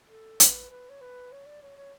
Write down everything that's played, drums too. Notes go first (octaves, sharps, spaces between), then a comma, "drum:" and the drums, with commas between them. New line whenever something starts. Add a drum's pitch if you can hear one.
A4
B4, drum: hi-hat
B4
C#5
B4
C#5
D5
C#5
C#5